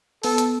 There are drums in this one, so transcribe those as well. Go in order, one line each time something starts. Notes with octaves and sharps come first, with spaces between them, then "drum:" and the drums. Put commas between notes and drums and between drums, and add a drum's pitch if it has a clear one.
B3 A4, drum: open hi-hat
drum: hi-hat